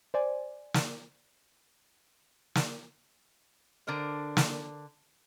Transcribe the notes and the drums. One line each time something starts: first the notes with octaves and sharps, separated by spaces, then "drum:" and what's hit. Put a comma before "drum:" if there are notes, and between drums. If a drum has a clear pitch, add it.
C5 D5 G#5
drum: snare
drum: snare
D3 D4 A#4 C5
drum: snare